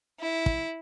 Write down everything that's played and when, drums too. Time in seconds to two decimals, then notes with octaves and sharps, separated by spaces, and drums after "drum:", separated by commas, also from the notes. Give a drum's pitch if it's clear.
0.20 E4
0.46 drum: kick